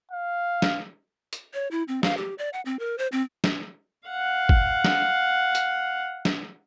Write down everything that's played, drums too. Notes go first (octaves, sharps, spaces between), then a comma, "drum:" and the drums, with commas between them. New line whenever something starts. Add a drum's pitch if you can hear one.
F5
drum: snare
drum: hi-hat
C#5
E4
C4
F5, drum: snare
G4
D5
F#5
C4
A#4
C5
C4
drum: snare
F5 F#5
drum: kick
drum: snare
drum: hi-hat
drum: snare